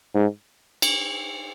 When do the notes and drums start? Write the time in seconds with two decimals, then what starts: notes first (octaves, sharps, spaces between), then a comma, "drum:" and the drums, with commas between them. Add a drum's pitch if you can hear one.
0.15 G#2
0.82 drum: cymbal